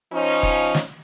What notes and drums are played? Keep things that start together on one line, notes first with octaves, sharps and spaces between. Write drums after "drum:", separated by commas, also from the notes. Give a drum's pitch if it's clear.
F3 C#4 D#4
drum: kick F1
drum: snare